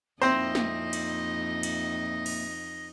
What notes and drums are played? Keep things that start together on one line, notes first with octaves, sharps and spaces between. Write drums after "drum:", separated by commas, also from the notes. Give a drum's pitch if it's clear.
F2 A#2 C4 D#4 E4 C5 D#5 A#6
drum: snare
drum: cymbal
drum: cymbal
drum: cymbal